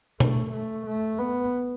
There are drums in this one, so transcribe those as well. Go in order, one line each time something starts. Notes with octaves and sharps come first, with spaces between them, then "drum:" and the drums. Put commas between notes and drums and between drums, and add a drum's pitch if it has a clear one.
A3, drum: tom B2
A3
A3
B3